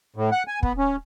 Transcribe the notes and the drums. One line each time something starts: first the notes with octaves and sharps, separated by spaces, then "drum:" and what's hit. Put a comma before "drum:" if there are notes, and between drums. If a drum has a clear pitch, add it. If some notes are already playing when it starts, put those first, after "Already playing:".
A2
F#5
G#5
B3, drum: kick
C#4